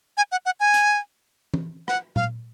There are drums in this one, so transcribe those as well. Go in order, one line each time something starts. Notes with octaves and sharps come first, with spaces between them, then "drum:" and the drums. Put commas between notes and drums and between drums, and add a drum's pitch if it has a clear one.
G#5
F#5
F#5
G#5
drum: hi-hat
drum: tom
F#5, drum: rim click
F5, drum: tom A#2